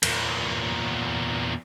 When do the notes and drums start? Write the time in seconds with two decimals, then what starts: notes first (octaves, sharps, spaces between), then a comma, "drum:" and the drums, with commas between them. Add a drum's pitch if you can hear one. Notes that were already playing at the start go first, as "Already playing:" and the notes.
0.03 E2 A#2, drum: cymbal